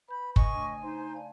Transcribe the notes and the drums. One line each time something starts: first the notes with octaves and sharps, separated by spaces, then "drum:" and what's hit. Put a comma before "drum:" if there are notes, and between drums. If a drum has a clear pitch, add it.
B4 B5 G6
D#5 G#5 C#6, drum: kick
C#3 A3 D4
D#4 C5 C6
D5 F5 A5